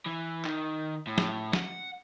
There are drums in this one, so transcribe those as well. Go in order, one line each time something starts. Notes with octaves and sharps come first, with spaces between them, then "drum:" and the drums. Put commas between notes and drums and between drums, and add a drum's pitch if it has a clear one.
E3
D#3, drum: clap
A2
drum: snare
F#5, drum: snare